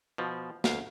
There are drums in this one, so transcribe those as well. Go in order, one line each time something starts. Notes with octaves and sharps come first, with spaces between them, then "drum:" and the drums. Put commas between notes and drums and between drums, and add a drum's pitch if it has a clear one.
B2 F3
D2 F5, drum: snare